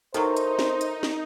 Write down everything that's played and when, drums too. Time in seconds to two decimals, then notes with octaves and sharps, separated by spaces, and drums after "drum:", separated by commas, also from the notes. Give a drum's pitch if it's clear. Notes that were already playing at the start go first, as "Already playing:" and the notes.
0.14 D#3 E3 F#3 D#4 A4 A#4 C5, drum: hi-hat
0.37 drum: hi-hat
0.59 drum: snare
0.81 drum: hi-hat
1.03 drum: snare